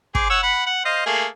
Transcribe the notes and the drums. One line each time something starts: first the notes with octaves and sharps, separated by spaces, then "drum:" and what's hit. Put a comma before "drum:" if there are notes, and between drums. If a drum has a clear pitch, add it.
G#4 C5 D6, drum: kick
C#5 F#5 E6
F#5 B5
F#5
C5 D#5 F5
A3 A#3 G#4